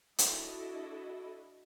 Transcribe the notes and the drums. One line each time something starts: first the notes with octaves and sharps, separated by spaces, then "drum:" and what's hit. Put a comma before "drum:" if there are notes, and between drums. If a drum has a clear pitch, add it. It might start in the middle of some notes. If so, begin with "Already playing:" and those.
D4 E4 F#4 A4 D#5, drum: hi-hat